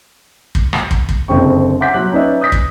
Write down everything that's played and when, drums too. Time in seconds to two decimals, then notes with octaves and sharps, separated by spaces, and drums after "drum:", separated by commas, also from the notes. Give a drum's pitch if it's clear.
0.55 drum: kick
0.73 drum: rim click
0.91 drum: kick
1.09 drum: kick
1.28 F#1 D3 G#3 C4 G5 C#6
1.80 E5 F#5 C6 D6 G6 B6
1.94 F#3 F#6
2.12 C#4 D#4 B4 D5 E5
2.41 D#6 G6 A#6 B6
2.52 drum: kick